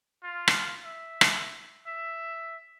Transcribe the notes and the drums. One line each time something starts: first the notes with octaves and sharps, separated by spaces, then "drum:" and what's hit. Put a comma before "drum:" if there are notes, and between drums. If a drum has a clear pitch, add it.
F4
drum: rim click
E5
drum: rim click
E5